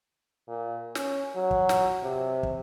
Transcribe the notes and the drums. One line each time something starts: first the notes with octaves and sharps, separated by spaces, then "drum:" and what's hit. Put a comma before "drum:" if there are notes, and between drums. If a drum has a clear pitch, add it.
A#2
C#4, drum: snare
F#3
drum: kick
drum: snare
C3
drum: kick